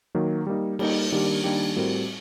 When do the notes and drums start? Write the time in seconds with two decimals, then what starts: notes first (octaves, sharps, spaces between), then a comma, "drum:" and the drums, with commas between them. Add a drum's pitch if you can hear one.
0.15 D#3 F#3 A#3
0.47 G3 A#3 D#4
0.79 G3 A#3 D#4, drum: cymbal
1.12 D#3 G3 A#3 D4 G4
1.44 D#3 G3 A#3 D4 G4
1.76 A2 G3 C4 F#4 A#4